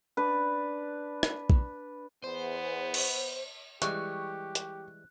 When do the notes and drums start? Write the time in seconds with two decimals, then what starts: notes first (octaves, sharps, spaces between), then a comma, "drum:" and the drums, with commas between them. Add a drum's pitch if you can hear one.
0.17 D4 B4
1.23 drum: rim click
1.50 drum: kick
2.24 E2 B3 C5
2.94 drum: cymbal
3.82 E3 G3 G#3 G4 C#6 F#6, drum: hi-hat
4.55 drum: hi-hat